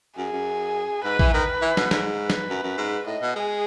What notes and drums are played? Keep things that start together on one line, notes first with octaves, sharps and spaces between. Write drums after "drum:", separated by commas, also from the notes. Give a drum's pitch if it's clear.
F#2 G#4
F#2
G#2 B4
E3, drum: kick
D#3 B4
E3
B2, drum: snare
G#2, drum: snare
B4
drum: snare
F#2
F#2
G#2
A2 D#5
B2
G#3 G#4